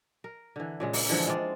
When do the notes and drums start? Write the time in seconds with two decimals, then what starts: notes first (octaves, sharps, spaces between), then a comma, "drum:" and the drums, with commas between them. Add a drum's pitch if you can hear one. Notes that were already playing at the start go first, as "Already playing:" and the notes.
0.24 A#4
0.56 D3 E3
0.80 A#2 C#3 G#3
0.93 A#3, drum: open hi-hat
1.09 D3 E3 F3 G#3
1.27 G#3 C4 F4 D5